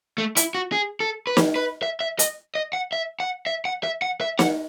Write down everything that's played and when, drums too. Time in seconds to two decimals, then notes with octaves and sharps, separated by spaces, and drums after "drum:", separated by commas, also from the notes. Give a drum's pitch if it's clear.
0.18 A3
0.37 E4, drum: hi-hat
0.55 F#4
0.72 G#4
1.00 A4
1.27 B4
1.37 drum: snare
1.56 B4
1.83 E5
2.00 E5
2.19 D#5, drum: hi-hat
2.55 D#5
2.73 F#5
2.93 E5
3.20 F#5
3.47 E5
3.65 F#5
3.84 E5
4.02 F#5
4.21 E5
4.39 F#5, drum: snare